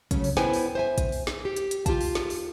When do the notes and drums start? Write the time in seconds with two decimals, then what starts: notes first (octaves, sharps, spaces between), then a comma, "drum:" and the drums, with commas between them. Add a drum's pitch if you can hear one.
0.11 C#3 F#3 A3 C#4, drum: kick, hi-hat
0.24 drum: open hi-hat
0.37 B3 E4 B4 C5 G5 G#5, drum: snare
0.53 drum: open hi-hat
0.75 C5 E5 G#5
0.98 drum: kick, hi-hat
1.12 drum: open hi-hat
1.27 drum: snare
1.45 G4
1.56 drum: hi-hat
1.71 drum: hi-hat
1.86 F4 G4 F5 A5, drum: kick, hi-hat
2.01 drum: open hi-hat
2.15 drum: snare
2.30 drum: open hi-hat